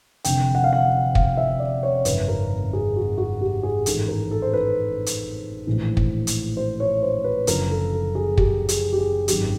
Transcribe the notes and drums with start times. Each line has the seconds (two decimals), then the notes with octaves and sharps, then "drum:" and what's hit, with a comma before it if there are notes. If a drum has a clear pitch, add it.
0.24 F1 F2 D3 G5, drum: hi-hat
0.55 F#5
0.64 F5
0.73 F#5
1.15 F5, drum: kick
1.37 E5
1.60 D5
1.83 C#5
2.05 G#1 F#2 C#3 B4, drum: hi-hat
2.28 A#4
2.73 G#4
2.96 F#4
3.18 F#4
3.41 G4
3.63 G#4
3.86 A1 G#2 D#3 A4, drum: hi-hat
4.08 A#4
4.31 A4
4.42 C5
4.53 B4
5.06 drum: hi-hat
5.67 A#1 A2 E3
5.97 drum: kick
6.27 drum: hi-hat
6.57 C5
6.80 C#5
7.03 C5
7.24 B4
7.47 F#1 F#2 D3 F3 A#4, drum: hi-hat
7.70 A4
7.93 A4
8.15 G#4
8.37 G4, drum: kick
8.69 G#4, drum: hi-hat
8.92 G4
8.98 G#4
9.28 G#1 F#2 D#3 F#3 G4, drum: hi-hat